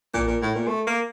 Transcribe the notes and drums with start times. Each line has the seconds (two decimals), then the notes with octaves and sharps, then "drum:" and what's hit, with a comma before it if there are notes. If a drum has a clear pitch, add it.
0.14 A#2, drum: kick A1
0.27 A#2
0.42 A2
0.55 A#2
0.68 A3
0.87 A#3